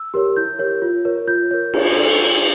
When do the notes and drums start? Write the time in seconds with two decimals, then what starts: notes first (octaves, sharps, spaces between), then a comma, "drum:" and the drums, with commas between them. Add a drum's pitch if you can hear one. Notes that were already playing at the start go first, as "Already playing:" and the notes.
Already playing: E6
0.14 G4 A#4 C#5
0.36 E4 G6
0.59 G4 A#4 C#5
0.82 F4
1.05 A#4 C#5
1.27 F4 G6
1.51 A#4 C#5
1.74 F4, drum: cymbal
1.96 A4 D5
2.19 F4